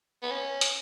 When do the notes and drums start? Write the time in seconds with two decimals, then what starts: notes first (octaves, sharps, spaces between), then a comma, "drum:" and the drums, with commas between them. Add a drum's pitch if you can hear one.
0.23 B3
0.31 C#4
0.61 drum: hi-hat